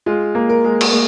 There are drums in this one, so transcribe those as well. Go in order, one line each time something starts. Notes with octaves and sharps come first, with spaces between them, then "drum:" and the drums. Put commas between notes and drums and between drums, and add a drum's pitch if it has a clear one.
G#3 F4
A#3
A#4
G#3
drum: cymbal
A#3